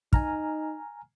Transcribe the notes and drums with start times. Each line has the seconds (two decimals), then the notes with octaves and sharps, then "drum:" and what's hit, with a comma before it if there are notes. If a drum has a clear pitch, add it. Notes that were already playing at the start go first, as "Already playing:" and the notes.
0.13 D#4 G#5 A#5 F6, drum: kick